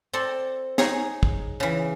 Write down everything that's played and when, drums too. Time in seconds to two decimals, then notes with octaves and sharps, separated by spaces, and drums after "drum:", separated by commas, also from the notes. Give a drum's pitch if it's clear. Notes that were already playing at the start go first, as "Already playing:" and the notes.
0.13 C4 A4 D5
0.78 D#4 G#4 C#5, drum: snare
1.23 drum: kick
1.60 C#3 E3